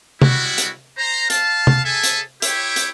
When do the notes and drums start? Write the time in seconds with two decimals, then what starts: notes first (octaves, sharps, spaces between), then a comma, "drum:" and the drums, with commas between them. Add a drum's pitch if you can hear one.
0.22 G3 G#3 E4 F#4, drum: tom C3
0.58 drum: hi-hat
0.97 C5 A#5
1.30 F5 A5, drum: hi-hat
1.67 drum: tom C3
1.84 G#4 A4 E5 G#5 A5
2.03 drum: hi-hat
2.42 E4 G4 C#5 E5 G5, drum: hi-hat
2.76 drum: hi-hat